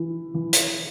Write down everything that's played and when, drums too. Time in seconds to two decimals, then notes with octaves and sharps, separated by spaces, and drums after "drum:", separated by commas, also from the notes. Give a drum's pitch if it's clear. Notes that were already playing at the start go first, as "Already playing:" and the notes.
Already playing: E3
0.34 E3
0.53 drum: hi-hat